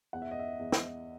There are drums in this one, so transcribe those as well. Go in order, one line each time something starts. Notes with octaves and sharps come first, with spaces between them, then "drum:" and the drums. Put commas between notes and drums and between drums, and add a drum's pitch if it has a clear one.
E2 F#5
E5
D#5
E5
E2
drum: snare